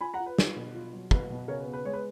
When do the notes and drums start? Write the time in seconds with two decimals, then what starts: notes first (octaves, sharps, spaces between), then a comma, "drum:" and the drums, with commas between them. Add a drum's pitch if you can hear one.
0.01 F4 G#5 B5
0.14 F#5 A#5
0.20 F4
0.26 B4
0.38 F4, drum: snare
0.56 B2
0.75 F4
0.94 F#3
1.11 B2 B4, drum: kick
1.30 B2
1.48 C#3 A#4 C#5
1.60 B4
1.67 B3
1.73 B4
1.85 G#3 C#5
1.93 B4